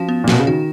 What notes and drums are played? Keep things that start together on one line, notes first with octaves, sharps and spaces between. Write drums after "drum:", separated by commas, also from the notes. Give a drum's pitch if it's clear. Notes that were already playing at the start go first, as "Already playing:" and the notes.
Already playing: F3 C#4 F#4
B3
A#2
B2 F#4, drum: snare C4
C#3
D#3 F#4